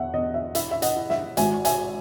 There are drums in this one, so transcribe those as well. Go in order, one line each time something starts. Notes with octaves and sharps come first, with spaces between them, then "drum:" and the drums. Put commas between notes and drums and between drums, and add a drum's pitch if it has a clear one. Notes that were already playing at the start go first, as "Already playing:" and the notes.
Already playing: E2 E5 F#5
E2 D#5
E5
E4 E5, drum: hi-hat
E5
D#5 F#5, drum: hi-hat
E4
E5, drum: snare
G#1 E5 G#5, drum: hi-hat
E5 G#5, drum: hi-hat